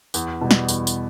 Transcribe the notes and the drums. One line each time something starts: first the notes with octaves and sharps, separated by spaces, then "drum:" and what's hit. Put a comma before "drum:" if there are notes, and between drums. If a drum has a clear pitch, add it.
E2, drum: tambourine
B2 G3
drum: snare
E2, drum: tambourine
drum: tambourine